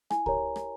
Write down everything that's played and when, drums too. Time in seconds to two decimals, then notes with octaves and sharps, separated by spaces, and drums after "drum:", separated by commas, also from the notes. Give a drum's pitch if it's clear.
0.10 E4 G#5, drum: rim click
0.26 G4 A#4 C#5 A#5, drum: kick C#2
0.56 drum: rim click